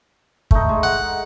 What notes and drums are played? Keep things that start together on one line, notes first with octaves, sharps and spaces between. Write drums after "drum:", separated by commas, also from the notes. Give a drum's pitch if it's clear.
A3 D#4, drum: kick
G#3
F#5